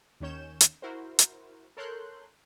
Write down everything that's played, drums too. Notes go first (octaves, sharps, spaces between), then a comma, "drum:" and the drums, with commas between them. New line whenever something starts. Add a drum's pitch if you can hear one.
D#2 D#3 C#4 C#5 G6 E7
drum: hi-hat
E4 F#4 A#4 C5
drum: hi-hat
A4 A#4 C#5 C6 F#6 G6